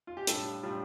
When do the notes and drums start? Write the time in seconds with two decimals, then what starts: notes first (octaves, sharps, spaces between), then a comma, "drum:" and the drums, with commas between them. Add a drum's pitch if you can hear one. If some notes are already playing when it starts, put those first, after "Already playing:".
0.07 F4
0.17 G4
0.27 A2 G3 D4 F4 A4, drum: hi-hat
0.63 A2 G3 D4 F4